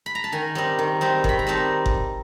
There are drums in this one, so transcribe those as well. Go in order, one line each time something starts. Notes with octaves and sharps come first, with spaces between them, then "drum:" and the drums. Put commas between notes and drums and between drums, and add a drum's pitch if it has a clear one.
B5
A#5
A5
D#3 G#5
G3 C4 D#4
D#3
G3 C4 D#4
D#3 B5, drum: kick F#1
A#5
G3 C4 D#4 A5
drum: kick F#1